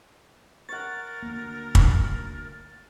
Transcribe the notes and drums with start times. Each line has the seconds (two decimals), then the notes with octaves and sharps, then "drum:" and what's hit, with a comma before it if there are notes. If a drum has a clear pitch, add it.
0.69 A#4 C#5 F#5 A6
1.23 D2 A#3
1.75 drum: kick